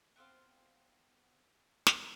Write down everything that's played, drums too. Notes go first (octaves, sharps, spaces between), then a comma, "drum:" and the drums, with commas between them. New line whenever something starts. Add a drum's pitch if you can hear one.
B3 C4 C5 F5
drum: snare